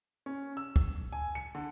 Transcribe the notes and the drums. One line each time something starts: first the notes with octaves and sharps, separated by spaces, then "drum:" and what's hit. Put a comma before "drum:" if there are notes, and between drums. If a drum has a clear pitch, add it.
C#4
E6
drum: kick D2
G#5
C#7
D3